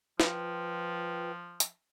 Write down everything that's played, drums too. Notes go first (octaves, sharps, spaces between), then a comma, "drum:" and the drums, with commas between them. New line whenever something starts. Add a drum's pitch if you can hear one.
F3 F4 B4 G5, drum: snare
drum: hi-hat